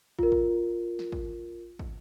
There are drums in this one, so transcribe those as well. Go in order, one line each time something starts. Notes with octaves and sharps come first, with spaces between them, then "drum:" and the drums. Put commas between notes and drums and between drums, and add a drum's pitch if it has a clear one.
F4 A#4, drum: kick
drum: kick
drum: snare
drum: kick
drum: kick